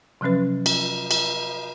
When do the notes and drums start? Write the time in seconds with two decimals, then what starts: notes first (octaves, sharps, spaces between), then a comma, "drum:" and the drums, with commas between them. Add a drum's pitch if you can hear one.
0.21 C3 F3 F#3 C#4 B4
0.66 drum: cymbal
1.11 drum: cymbal